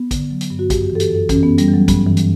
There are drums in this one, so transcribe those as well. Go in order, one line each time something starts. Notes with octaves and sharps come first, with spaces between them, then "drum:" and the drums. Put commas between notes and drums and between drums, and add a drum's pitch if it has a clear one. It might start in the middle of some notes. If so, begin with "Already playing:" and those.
Already playing: B3
D3, drum: kick A1, hi-hat
F#3
drum: hi-hat
G2
F#4
F#2 G4, drum: kick A1, hi-hat
E3 G4
A4
G4, drum: hi-hat
F#2 A4
E3 C#4, drum: kick A1, hi-hat
B3
F#2
G3, drum: hi-hat
E3 F#3
G2, drum: kick A1, hi-hat
E3
drum: hi-hat